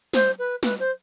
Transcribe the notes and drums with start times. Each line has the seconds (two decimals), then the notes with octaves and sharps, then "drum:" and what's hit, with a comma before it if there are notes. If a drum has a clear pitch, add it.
0.14 C5, drum: snare
0.38 B4
0.63 B4, drum: snare
0.79 C5